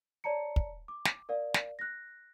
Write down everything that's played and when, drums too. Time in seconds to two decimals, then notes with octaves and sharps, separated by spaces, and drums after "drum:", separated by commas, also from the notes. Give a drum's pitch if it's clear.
0.24 C#5 D5 A5 A#5 C#7
0.56 drum: kick
0.88 D6
1.05 drum: snare
1.29 A#4 D5 F5
1.54 drum: snare
1.79 F#6 A#6